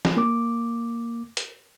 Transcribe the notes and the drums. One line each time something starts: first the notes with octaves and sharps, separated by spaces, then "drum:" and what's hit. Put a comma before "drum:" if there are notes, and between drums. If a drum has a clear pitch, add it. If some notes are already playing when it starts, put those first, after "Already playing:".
drum: snare
A#3 D6
drum: hi-hat